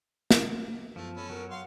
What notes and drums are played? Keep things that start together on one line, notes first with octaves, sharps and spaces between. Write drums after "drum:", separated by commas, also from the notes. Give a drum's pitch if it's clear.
drum: snare
F#2 F3 A3 B3
C#4 A4 B5
F#3 A#4
F5 F#5 C6